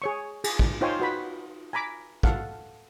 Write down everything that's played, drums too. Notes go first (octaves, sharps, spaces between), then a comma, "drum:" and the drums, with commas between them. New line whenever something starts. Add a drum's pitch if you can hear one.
G#4 C#5 C#6
G#4, drum: cymbal
drum: kick
D#4 F4 C5 C#5 G5 G#5
F#4 B4 B5
G#5 A#5 B5 D6
A4 F5 F#5, drum: kick